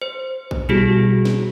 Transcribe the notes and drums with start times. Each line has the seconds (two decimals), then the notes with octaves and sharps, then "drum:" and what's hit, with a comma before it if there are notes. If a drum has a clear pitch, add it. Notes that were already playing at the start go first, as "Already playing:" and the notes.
0.02 C5
0.51 drum: kick A#1
0.69 B2 G3 E4 F#4 G#4
1.25 drum: snare